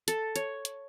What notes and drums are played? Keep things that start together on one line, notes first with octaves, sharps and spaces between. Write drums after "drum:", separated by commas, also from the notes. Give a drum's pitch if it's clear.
A4, drum: hi-hat
C#5, drum: hi-hat
drum: hi-hat